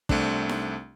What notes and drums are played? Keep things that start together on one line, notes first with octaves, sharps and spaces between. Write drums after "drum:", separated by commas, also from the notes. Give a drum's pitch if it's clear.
C2 A3 C4 D4, drum: kick
drum: snare D#4